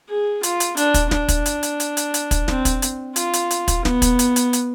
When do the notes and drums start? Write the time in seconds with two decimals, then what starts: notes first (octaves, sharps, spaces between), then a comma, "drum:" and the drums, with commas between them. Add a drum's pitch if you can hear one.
0.09 G#4
0.43 F4, drum: hi-hat
0.60 drum: hi-hat
0.77 D4, drum: hi-hat
0.94 drum: kick, hi-hat
1.11 D4, drum: snare
1.28 drum: kick, hi-hat
1.46 drum: hi-hat
1.63 drum: hi-hat
1.80 drum: hi-hat
1.97 drum: hi-hat
2.14 drum: hi-hat
2.31 drum: kick, hi-hat
2.48 C4, drum: snare
2.65 drum: kick, hi-hat
2.82 drum: hi-hat
3.16 F4, drum: hi-hat
3.33 drum: hi-hat
3.51 drum: hi-hat
3.68 drum: kick, hi-hat
3.85 B3, drum: snare
4.02 drum: kick, hi-hat
4.19 drum: hi-hat
4.36 drum: hi-hat
4.53 drum: hi-hat